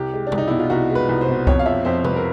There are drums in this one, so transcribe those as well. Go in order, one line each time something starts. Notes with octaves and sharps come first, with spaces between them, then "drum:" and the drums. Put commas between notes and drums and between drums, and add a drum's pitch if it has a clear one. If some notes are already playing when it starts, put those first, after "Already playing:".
Already playing: C2 G4
G#3
D4
C2, drum: tom C3
D#4
B2 E4
F4
C2 F#4
G#3
B4
C2
C5
B2
F2 C#5, drum: kick C2
F5
F3 E5
F2 C5
C3 B4, drum: tom C3
A#4